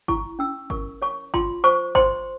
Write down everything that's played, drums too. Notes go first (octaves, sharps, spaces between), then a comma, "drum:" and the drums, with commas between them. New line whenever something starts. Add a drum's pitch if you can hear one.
E4 C#6, drum: kick G1
C#4 E6
A#4 C#6, drum: kick G1
C#5 C#6
F4 C6, drum: kick G1
C5 C#6
C5 C6, drum: kick G1